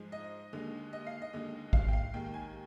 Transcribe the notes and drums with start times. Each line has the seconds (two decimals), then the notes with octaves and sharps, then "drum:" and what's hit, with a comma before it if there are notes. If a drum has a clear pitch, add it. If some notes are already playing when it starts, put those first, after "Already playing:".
Already playing: G#2 F3 G#3
0.12 D#5
0.53 D#2 D3 G#3
0.93 D#5
1.07 F5
1.22 D#5
1.33 D#2 D3 G#3
1.73 F5, drum: kick A1
1.88 G5
1.93 F5
2.14 D#2 D#3 G#3 G5
2.34 G#5